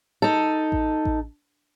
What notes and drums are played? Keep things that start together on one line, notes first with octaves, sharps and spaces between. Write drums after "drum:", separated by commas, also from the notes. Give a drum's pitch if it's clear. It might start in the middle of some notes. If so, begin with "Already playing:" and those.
D#4 A4
drum: kick A1
drum: kick A1